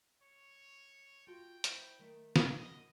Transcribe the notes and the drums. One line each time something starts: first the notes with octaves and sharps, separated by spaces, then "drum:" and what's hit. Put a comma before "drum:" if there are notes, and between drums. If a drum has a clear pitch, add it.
C#5
F4 F#4 A4 G5
E4 C5, drum: hi-hat
D#3 A3
drum: snare
F#2 B2 E3 D#5